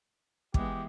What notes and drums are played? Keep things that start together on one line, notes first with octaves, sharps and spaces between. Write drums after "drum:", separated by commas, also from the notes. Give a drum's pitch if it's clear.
E3 G#3 B3 G4, drum: kick